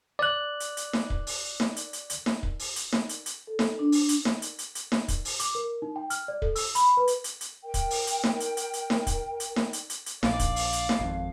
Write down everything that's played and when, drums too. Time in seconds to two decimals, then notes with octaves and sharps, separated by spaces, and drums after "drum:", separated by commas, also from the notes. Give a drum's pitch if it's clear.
0.19 D5 F#6
0.60 drum: hi-hat
0.77 drum: hi-hat
0.93 drum: snare D#4
1.10 drum: kick
1.27 drum: open hi-hat
1.60 drum: snare D#4
1.76 drum: hi-hat
1.93 drum: hi-hat
2.10 drum: hi-hat
2.26 drum: snare D#4
2.43 drum: kick
2.59 drum: open hi-hat
2.76 drum: hi-hat
2.93 drum: snare D#4
3.09 drum: hi-hat
3.26 drum: hi-hat
3.47 A4
3.59 drum: snare D#4
3.79 D4
3.92 drum: open hi-hat
4.09 drum: hi-hat
4.25 drum: snare D#4
4.42 drum: hi-hat
4.59 drum: hi-hat
4.75 drum: hi-hat
4.92 drum: snare D#4
5.08 drum: kick, hi-hat
5.25 drum: open hi-hat
5.40 D6, drum: hi-hat
5.55 A#4
5.82 D#4
5.96 G5
6.10 F6, drum: hi-hat
6.28 D5
6.42 A4, drum: kick
6.56 E6, drum: open hi-hat
6.75 B5, drum: hi-hat
6.97 B4
7.07 drum: hi-hat
7.24 drum: hi-hat
7.41 drum: hi-hat
7.64 A#4 G5
7.74 drum: kick, hi-hat
7.90 drum: open hi-hat
8.07 drum: hi-hat
8.24 drum: snare D#4
8.40 drum: hi-hat
8.57 drum: hi-hat
8.73 drum: hi-hat
8.90 drum: snare D#4
9.07 drum: kick, hi-hat
9.40 drum: hi-hat
9.56 drum: snare D#4
9.73 drum: hi-hat
9.90 drum: hi-hat
10.06 drum: hi-hat
10.23 A#1 D5 F5, drum: snare D#4
10.39 drum: kick, hi-hat
10.56 drum: open hi-hat
10.73 drum: hi-hat
10.89 drum: snare D#4
10.99 G#1 F2